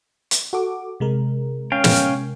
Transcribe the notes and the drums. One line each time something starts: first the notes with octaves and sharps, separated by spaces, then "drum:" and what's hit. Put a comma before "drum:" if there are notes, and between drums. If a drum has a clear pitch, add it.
drum: hi-hat
F#4 A4 D6
C3 G#3 A#4
C#4 F5 G5
drum: snare